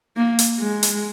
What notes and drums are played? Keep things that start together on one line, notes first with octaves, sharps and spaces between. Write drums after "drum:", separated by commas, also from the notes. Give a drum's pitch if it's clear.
A#3
drum: hi-hat
G#3
drum: hi-hat